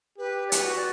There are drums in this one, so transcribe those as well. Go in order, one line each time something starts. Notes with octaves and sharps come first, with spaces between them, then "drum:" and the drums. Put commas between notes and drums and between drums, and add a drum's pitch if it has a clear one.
G4 B4
D5
B4, drum: hi-hat
F#4
D5